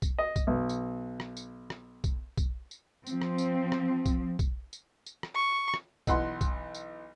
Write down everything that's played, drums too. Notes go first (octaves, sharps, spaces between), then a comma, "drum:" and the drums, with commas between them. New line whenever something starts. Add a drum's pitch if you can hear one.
drum: kick B1, tambourine
D#5
drum: kick B1, tambourine
B1
drum: tambourine
drum: rim click
drum: tambourine
drum: rim click
drum: kick B1, tambourine
drum: kick B1, tambourine
drum: tambourine
F3 C4, drum: tambourine
drum: rim click
drum: tambourine
drum: rim click
drum: kick B1, tambourine
drum: kick B1, tambourine
drum: tambourine
drum: tambourine
drum: rim click
C#6
drum: rim click
B1 E3 F#5 B5 C6, drum: kick B1, tambourine
drum: kick B1, tambourine
drum: tambourine